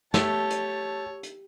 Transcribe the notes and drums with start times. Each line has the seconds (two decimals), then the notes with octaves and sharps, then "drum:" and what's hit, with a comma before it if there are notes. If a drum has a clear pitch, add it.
0.14 A3 G4 C#5 A5, drum: snare
0.50 drum: hi-hat
1.23 drum: hi-hat